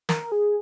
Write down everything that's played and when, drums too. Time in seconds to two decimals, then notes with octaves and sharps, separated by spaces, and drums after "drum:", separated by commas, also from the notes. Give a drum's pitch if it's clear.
0.09 A#4, drum: snare
0.32 G#4